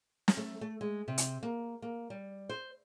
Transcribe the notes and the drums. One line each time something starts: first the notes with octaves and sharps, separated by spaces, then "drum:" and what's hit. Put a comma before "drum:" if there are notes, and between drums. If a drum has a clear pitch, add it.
drum: snare
A3
A3
G#3
C3
drum: hi-hat
A#3
A#3
G3
C5